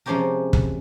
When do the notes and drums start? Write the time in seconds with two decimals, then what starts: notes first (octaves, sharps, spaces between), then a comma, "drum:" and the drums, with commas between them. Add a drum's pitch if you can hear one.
0.06 C3 F3 G#3 C#4 G4 A#4
0.53 drum: kick